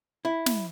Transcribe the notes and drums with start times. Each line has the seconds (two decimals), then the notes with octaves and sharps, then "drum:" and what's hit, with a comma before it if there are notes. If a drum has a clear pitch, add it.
0.25 E4
0.46 drum: snare